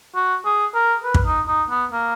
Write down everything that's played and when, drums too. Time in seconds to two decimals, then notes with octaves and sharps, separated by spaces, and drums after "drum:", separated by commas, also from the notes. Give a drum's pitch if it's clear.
0.15 F#4
0.45 G#4
0.74 A#4
1.04 B4
1.14 drum: kick
1.26 D#4
1.48 D#4
1.70 B3
1.92 A#3